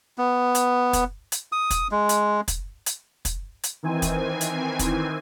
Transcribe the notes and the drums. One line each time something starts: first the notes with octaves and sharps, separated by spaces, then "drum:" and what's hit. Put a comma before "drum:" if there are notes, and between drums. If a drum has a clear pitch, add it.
B3
drum: hi-hat
drum: kick, hi-hat
drum: hi-hat
D#6
drum: kick, hi-hat
G#3
drum: hi-hat
drum: kick, hi-hat
drum: hi-hat
drum: kick, hi-hat
drum: hi-hat
D#3 E3 C4 G#5
drum: kick, hi-hat
drum: hi-hat
drum: kick, hi-hat